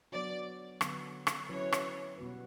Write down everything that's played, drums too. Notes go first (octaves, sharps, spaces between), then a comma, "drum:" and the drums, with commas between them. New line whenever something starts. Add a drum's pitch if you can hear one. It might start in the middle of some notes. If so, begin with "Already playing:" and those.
F#3 B3 D4 F#4 D5
D3 F#3 B3, drum: rim click
drum: rim click
F#3 C#4 E4 B4 C#5
drum: rim click
B2 G3 B3 F#4 B4